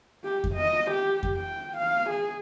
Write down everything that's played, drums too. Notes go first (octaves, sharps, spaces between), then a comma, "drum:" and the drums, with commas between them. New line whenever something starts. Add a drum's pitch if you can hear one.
G4
drum: kick F2
D#5
G4
drum: kick F2
G5
F5
G#4